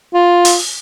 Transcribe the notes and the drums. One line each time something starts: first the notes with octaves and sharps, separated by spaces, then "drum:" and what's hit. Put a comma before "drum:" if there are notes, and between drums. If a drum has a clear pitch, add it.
F4
drum: open hi-hat